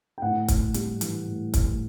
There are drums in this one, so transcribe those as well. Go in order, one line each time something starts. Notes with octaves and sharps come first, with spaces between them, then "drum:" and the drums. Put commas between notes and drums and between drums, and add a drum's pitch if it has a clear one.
G5
A2 F#5
A2, drum: kick, hi-hat
G3, drum: hi-hat
E3, drum: hi-hat
A2
A2, drum: kick, hi-hat